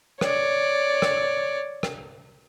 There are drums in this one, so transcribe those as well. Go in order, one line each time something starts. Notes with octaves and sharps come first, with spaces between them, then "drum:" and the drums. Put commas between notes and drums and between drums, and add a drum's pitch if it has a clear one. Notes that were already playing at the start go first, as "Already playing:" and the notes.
C#5 D5, drum: rim click
drum: rim click
drum: rim click